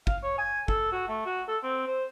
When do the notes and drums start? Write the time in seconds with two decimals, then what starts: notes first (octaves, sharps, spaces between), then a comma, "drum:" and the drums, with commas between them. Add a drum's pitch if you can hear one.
0.07 F5, drum: kick
0.23 C#5
0.38 G#5
0.68 A4, drum: kick
0.92 F#4
1.08 A3
1.26 F#4
1.48 A4
1.63 C4
1.87 C5